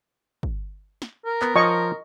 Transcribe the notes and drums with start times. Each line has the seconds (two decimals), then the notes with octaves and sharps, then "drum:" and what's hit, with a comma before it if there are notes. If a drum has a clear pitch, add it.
0.43 drum: kick
1.02 drum: snare
1.25 A#4
1.42 B3, drum: clap
1.56 F3 C#5 D#5 G#5 C#6